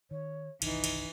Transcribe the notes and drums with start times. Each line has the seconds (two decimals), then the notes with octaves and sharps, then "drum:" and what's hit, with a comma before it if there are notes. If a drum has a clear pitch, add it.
0.11 D#3 C#5
0.62 G1 C2 D#3 E3 D#4, drum: cymbal
0.84 drum: cymbal